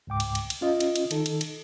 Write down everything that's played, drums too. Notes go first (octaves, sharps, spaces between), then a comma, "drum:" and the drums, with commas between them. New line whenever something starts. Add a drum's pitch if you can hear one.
C#2 G#2 G5 D6
drum: cymbal
drum: cymbal
drum: cymbal
C#4 F4 D#5
drum: cymbal
drum: cymbal
D#3 D#4 A4, drum: cymbal
drum: cymbal
drum: cymbal